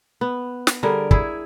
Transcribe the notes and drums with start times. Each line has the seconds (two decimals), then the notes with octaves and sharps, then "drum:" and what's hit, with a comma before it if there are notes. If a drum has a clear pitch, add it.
0.21 B3
0.67 drum: snare
0.83 D3 G3 G#4 A#4
1.11 E4 G#4, drum: kick